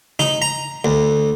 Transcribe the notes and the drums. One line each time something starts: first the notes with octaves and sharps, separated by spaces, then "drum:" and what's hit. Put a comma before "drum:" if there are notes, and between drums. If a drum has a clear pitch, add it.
D#4, drum: tom C#3
A#5
D2